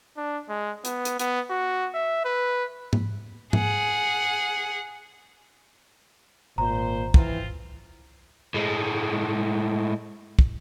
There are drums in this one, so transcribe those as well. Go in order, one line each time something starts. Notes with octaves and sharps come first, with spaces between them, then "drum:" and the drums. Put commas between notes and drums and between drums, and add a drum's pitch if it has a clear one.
D4
G#3
B3, drum: hi-hat
drum: hi-hat
B3, drum: hi-hat
F#4
E5
B4
drum: tom G#2
G#4 F#5, drum: tom G#2
G#1 A#2 C5 A#5
E3 C4 F4, drum: kick
A2 G#3
drum: kick